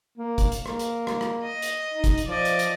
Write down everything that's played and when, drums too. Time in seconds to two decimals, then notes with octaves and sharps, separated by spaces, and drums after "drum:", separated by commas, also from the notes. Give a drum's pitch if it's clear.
0.18 A#3
0.38 drum: kick, hi-hat
0.52 drum: hi-hat
0.66 A#3, drum: rim click
0.79 drum: hi-hat
1.07 drum: rim click
1.21 drum: rim click
1.43 D#5
1.62 drum: hi-hat
1.94 D#4
2.04 drum: kick, hi-hat
2.18 drum: hi-hat
2.27 F3 D5 D#5
2.45 drum: hi-hat
2.59 drum: hi-hat